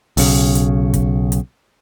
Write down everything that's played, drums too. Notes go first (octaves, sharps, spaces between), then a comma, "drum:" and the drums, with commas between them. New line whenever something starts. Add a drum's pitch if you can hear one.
B1 C#3, drum: open hi-hat
drum: hi-hat
drum: kick, hi-hat
drum: hi-hat